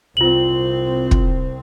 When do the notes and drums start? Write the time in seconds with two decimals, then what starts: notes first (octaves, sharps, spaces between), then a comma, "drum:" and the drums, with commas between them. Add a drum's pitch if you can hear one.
0.17 C2 C4 F4 F#7
1.11 drum: kick